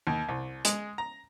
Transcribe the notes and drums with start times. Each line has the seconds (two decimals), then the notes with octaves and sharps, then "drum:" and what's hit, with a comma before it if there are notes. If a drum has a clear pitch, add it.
0.07 D#2
0.29 C2
0.65 G#3, drum: hi-hat
0.98 A#5